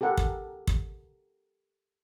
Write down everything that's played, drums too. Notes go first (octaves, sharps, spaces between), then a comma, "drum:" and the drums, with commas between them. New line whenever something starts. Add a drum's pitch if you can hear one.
G4 A4 A#4 F#5
drum: kick
drum: kick